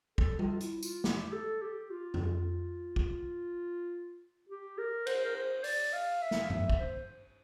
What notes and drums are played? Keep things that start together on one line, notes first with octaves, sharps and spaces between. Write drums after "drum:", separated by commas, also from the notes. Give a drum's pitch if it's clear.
A4, drum: kick
F4, drum: tom G3
E4, drum: hi-hat
F4, drum: tambourine
G4, drum: snare
A4
G4
F4
drum: tom F2
drum: kick
G4
A#4
C5, drum: cymbal
A#4
C5
D5, drum: open hi-hat
F5
E5
drum: snare
F5
E5, drum: tom G2
drum: kick
C5